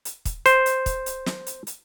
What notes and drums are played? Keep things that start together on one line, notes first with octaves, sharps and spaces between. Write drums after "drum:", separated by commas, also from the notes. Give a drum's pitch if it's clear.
drum: hi-hat
drum: kick, hi-hat
C5, drum: hi-hat
drum: hi-hat
drum: kick, hi-hat
drum: hi-hat
drum: snare
drum: hi-hat
drum: hi-hat